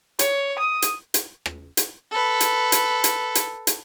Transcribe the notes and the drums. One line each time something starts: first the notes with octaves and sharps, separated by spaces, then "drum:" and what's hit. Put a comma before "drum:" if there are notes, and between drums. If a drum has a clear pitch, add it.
C#5, drum: hi-hat
D#6
drum: hi-hat
drum: hi-hat
drum: rim click
drum: hi-hat
A4 B4
drum: hi-hat
drum: hi-hat
drum: hi-hat
drum: hi-hat
drum: hi-hat